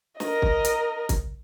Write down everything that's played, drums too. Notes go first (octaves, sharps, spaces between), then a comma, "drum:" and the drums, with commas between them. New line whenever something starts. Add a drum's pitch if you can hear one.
A#4 D#5, drum: snare
drum: kick
drum: hi-hat
drum: kick, hi-hat